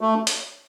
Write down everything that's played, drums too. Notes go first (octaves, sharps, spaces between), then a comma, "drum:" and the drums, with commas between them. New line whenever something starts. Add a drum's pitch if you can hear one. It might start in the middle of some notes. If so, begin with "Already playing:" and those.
A3
drum: hi-hat